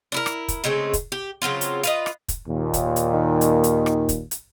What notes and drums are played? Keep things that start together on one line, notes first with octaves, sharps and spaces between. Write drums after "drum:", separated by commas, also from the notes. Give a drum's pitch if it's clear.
D4 E4 A#4
drum: rim click
drum: kick, hi-hat
C#3 G#3 A3 C4
drum: kick, hi-hat
G4
C#3 F#3 C4 F4
drum: hi-hat
F4 B4 D#5, drum: hi-hat
drum: rim click
drum: kick, hi-hat
D#2 A#2
drum: kick, hi-hat
drum: hi-hat
D#3
drum: hi-hat
drum: hi-hat
drum: rim click
drum: kick, hi-hat
drum: hi-hat